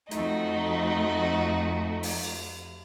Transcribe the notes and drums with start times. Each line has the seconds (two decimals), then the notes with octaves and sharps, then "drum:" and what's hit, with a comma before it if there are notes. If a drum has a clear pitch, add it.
0.11 F2 A3 D#4 F#4, drum: hi-hat
2.03 drum: open hi-hat
2.24 drum: cymbal